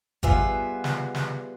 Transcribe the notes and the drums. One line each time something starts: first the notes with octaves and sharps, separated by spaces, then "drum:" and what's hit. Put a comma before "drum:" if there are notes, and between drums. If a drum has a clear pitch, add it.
G3 B3 F4 G#4 B4 E5, drum: kick G#1
drum: snare
drum: snare